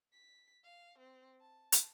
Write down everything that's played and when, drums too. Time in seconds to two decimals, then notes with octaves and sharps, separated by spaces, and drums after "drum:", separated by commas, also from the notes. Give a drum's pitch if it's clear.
0.12 B6
0.64 F5
0.98 C4
1.40 A5
1.72 drum: hi-hat